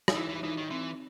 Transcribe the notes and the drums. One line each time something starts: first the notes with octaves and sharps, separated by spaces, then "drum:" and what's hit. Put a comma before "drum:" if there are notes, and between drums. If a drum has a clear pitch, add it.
D#4, drum: rim click
E3 E4
E3
E3 D#4
D#3
E3 C4